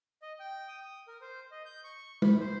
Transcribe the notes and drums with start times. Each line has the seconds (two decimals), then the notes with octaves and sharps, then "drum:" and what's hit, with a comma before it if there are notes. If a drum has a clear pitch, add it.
0.22 D#5
0.40 G5
0.68 D#6
0.85 D#6
1.08 A#4
1.21 C5
1.51 D#5
1.65 G6
1.84 C#6
2.22 B5, drum: tom
2.40 C5